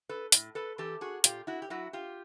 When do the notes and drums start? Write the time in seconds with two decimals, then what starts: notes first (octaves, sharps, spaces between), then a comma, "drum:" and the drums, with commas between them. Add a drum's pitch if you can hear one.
0.09 A4 B4
0.32 A2, drum: hi-hat
0.55 A4 B4
0.78 E3 G4 A4
1.01 F#4 G#4
1.24 A#2 F4 G4, drum: hi-hat
1.47 E4 F#4
1.62 G4
1.70 F#3 E4 F#4
1.93 F4 G4